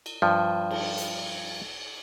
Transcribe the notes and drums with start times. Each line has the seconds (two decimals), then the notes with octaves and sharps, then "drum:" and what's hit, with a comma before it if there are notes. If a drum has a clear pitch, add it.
0.06 drum: cymbal
0.22 G2 F3
0.71 drum: cymbal
0.97 drum: hi-hat